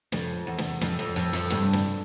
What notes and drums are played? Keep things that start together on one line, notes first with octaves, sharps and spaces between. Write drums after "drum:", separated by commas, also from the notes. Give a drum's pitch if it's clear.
F2, drum: snare
E2
drum: snare
F2, drum: snare
F2
F2
F2
G2, drum: snare
drum: snare